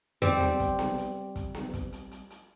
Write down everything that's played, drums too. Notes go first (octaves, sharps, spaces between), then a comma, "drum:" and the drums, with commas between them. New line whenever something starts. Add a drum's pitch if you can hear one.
G3 C4, drum: tom E2
drum: snare B3
drum: kick, hi-hat
drum: snare B3
drum: hi-hat
drum: kick, hi-hat
drum: snare B3
drum: kick, hi-hat
drum: hi-hat
drum: hi-hat
drum: hi-hat